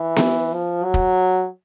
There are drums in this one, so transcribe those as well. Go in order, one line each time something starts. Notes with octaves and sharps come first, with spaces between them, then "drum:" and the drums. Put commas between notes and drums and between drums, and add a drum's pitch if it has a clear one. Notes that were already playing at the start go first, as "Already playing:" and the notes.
Already playing: E3
drum: snare B3
F3
F#3
drum: kick